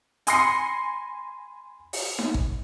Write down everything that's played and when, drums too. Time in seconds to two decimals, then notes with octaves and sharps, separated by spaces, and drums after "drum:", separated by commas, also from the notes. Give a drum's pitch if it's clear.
0.27 G#5 B5 C6 A#6 C7 C#7, drum: hi-hat
1.93 drum: open hi-hat
2.19 drum: snare D#4
2.34 drum: kick G#1